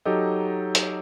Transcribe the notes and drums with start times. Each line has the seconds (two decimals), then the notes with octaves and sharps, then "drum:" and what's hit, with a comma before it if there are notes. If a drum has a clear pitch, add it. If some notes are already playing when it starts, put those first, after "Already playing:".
0.05 F#3 D#4 G4 A4 D#5
0.75 drum: hi-hat